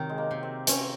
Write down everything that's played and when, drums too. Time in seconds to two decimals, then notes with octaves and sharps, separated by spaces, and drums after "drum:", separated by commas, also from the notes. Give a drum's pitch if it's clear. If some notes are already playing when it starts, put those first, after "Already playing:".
Already playing: C3 D#3 F#3 C4
0.09 G#3
0.18 A#3
0.31 C3
0.43 C4
0.67 C4 C#4, drum: hi-hat